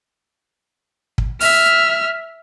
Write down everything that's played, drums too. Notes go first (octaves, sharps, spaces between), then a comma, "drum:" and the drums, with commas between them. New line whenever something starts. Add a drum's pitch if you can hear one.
drum: kick
E5 F6, drum: open hi-hat